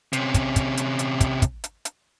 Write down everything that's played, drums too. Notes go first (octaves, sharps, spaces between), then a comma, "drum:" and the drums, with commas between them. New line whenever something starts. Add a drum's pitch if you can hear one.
C3 C#4, drum: hi-hat
drum: kick, hi-hat
drum: kick, hi-hat
drum: hi-hat
drum: hi-hat
drum: kick, hi-hat
drum: kick, hi-hat
drum: hi-hat
drum: hi-hat